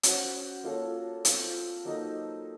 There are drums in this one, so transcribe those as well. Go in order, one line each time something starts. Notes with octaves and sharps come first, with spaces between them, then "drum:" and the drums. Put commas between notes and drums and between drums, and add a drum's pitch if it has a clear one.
C#4 F#4 C5, drum: hi-hat
A#3 F4 A4 C#5
C4 F4 C5, drum: hi-hat
F#3 A#3 D#4 A4